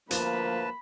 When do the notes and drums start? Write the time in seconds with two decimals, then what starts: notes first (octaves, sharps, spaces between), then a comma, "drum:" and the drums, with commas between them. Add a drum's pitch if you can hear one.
0.11 D2 F3 A#3 B4 A5 B5, drum: hi-hat